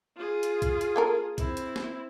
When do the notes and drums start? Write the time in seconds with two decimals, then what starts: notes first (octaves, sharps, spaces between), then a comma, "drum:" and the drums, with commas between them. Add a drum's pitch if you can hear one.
0.17 F4 G#4
0.43 drum: hi-hat
0.62 drum: kick, hi-hat
0.81 drum: hi-hat
0.96 A#3 A4 A#4
1.38 C4 E4, drum: kick, hi-hat
1.57 drum: hi-hat
1.76 drum: snare